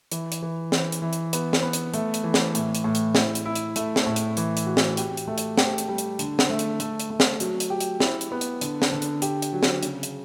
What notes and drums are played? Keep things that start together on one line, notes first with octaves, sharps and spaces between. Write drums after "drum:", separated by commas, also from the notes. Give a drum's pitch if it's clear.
E3, drum: hi-hat
drum: hi-hat
E3
E3, drum: snare
drum: hi-hat
E3
drum: hi-hat
B3, drum: hi-hat
drum: snare
B3
drum: hi-hat
A3, drum: hi-hat
drum: hi-hat
E3
drum: snare
A2, drum: hi-hat
drum: hi-hat
A2
drum: hi-hat
E4, drum: snare
drum: hi-hat
E4
drum: hi-hat
A3, drum: hi-hat
drum: snare
A2
drum: hi-hat
E3, drum: hi-hat
drum: hi-hat
F#4
drum: snare
G4, drum: hi-hat
drum: hi-hat
A3
drum: hi-hat
G4, drum: snare
drum: hi-hat
G3
drum: hi-hat
D3, drum: hi-hat
drum: snare
A3
drum: hi-hat
A3, drum: hi-hat
drum: hi-hat
A3
drum: snare
F#3, drum: hi-hat
drum: hi-hat
G4
drum: hi-hat
E4, drum: snare
drum: hi-hat
B3
drum: hi-hat
D3, drum: hi-hat
drum: snare
D3
drum: hi-hat
G4, drum: hi-hat
drum: hi-hat
F#3
drum: snare
C#3, drum: hi-hat
drum: hi-hat